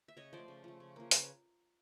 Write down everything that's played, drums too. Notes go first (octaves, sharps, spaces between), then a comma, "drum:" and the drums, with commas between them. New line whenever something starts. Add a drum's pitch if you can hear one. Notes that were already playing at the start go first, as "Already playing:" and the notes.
E5
C#3 C#5 D#5
F3 A3 C5 D5
C#3
F3 A3
C#3
F3 A#3
C#3 B4 C#5, drum: open hi-hat